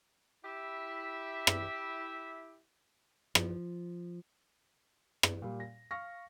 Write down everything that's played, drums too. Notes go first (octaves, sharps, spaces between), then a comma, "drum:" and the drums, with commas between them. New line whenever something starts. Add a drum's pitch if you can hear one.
E4 G4 E5
drum: rim click
F3, drum: rim click
drum: rim click
A#2 G3
A#6
F5 C#6 F6 A#6